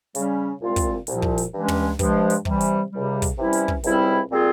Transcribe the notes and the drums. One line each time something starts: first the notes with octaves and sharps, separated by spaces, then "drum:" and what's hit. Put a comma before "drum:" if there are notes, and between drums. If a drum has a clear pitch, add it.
C#3 G3 C#4, drum: hi-hat
C2 A#2 G#3 C4 F4
drum: kick, hi-hat
C2 A#2 F3, drum: hi-hat
drum: kick
drum: hi-hat
G2 E3 G#3 C#4
drum: tom
G2 F3 G#3, drum: kick, hi-hat
drum: hi-hat
C3 E3 G3, drum: kick
drum: hi-hat
C#2 C3 G3
drum: kick, hi-hat
C3 E3 G3 C#4 E4
drum: hi-hat
drum: kick
C#2 C3 G3 C4 E4, drum: hi-hat
A#2 G3 C4 F4 G#4